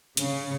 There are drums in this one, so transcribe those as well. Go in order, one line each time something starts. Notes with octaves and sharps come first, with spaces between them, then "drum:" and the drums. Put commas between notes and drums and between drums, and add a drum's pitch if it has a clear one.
C#3, drum: hi-hat